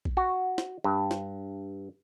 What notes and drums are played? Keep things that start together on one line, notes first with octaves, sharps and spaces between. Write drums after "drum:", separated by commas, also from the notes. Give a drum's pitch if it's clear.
drum: kick A#1
F#4
drum: snare
G2
drum: snare